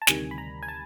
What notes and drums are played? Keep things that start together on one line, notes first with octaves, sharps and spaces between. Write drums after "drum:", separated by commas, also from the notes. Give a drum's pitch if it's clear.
A5
D2 C3 D#3 G3 G#5, drum: snare
B5
A#5
G#5
A5